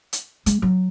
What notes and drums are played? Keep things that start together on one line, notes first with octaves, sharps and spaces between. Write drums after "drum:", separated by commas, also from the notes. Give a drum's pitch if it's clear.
drum: hi-hat
G#3, drum: hi-hat
F#3